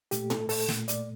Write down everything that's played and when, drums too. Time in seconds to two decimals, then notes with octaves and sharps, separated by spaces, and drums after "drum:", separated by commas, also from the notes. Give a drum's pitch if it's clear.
0.11 A#2 A3 G4, drum: hi-hat
0.30 A4, drum: tom A2
0.49 A4, drum: open hi-hat
0.68 A#2 A3, drum: snare
0.88 D5, drum: hi-hat